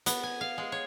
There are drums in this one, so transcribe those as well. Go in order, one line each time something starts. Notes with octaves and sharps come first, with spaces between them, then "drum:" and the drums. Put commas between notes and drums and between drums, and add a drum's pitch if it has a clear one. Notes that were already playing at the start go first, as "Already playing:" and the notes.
B3, drum: hi-hat
G#5
F5
G#3
C#5